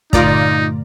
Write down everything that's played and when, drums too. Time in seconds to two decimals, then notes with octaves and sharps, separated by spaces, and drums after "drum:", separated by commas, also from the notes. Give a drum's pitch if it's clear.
0.13 G2 A#2 D3 A3 D#4 F4 D5 A#5, drum: kick